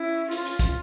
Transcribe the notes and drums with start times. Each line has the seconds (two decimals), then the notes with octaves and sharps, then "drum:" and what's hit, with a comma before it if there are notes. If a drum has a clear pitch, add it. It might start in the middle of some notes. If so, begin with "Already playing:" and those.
Already playing: C#4 E4
0.31 F4, drum: hi-hat
0.45 drum: hi-hat
0.59 drum: kick, hi-hat